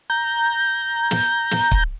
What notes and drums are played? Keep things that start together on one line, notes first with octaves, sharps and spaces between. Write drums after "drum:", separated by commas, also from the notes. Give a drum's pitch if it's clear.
A#5 G6
drum: snare
drum: snare
drum: kick